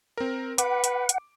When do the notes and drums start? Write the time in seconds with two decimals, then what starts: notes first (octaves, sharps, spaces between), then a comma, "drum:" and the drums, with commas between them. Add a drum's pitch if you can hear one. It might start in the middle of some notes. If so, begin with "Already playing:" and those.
0.18 C4 A#4
0.58 B4 F#5 D6, drum: hi-hat
0.84 drum: hi-hat
1.09 drum: hi-hat